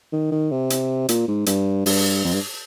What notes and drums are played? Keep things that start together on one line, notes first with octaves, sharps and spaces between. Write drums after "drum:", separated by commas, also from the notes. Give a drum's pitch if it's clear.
D#3
D#3
C3
drum: hi-hat
A#2, drum: hi-hat
G#2
G2, drum: hi-hat
G2, drum: open hi-hat
F2
G2